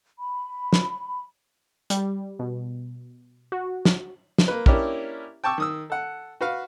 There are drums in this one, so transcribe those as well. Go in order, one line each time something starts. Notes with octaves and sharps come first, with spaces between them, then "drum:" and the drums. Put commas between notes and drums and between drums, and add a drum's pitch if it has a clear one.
B5
drum: snare
G3, drum: hi-hat
B2
F#4
drum: snare
drum: snare
A#3 B4
A#3 C#4 D4 E4 G4 A#4, drum: kick
G5 A5 C#6 D6 E6
D#3 D#6 E6
A4 F#5
F#4 B4 F5